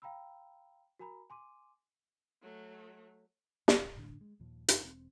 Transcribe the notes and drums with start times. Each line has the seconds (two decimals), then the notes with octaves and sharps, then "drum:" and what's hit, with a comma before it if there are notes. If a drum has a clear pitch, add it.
0.02 F5 G5 A#5 B5 E6
0.99 F#4 A#4 G#5 A#5 B5
1.30 G#5 C6 D6 D#7
2.42 F#3 A3
3.68 F1 D#2, drum: snare
3.96 A2 D3 D4
4.21 G#3
4.40 D#2 A#2 F3
4.68 F1 F#2 F#3, drum: hi-hat
4.83 E1 C4